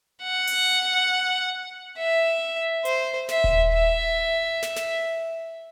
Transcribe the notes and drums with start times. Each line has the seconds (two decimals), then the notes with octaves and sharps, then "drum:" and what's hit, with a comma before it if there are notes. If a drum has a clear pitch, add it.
0.23 F#5
0.47 drum: open hi-hat
1.97 E5
2.85 C5, drum: hi-hat
3.29 E5, drum: snare
3.44 drum: kick D#1
3.72 E5
4.63 drum: snare
4.76 drum: snare